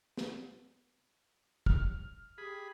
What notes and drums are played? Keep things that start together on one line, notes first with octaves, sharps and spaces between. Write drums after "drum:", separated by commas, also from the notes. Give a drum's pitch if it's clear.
drum: snare
F6, drum: kick
G4 G#4 B5